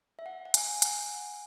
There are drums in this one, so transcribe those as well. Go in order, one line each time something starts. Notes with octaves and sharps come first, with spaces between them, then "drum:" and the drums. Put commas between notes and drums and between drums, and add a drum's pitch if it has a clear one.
E5
F#5
F#5
G#5, drum: hi-hat
drum: hi-hat